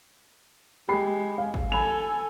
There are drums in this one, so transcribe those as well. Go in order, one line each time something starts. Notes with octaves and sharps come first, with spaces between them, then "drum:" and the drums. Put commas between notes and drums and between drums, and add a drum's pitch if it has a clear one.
G#3 G4 B5 C7
F5
drum: kick G#1
A4 G#5 B5 F7, drum: tom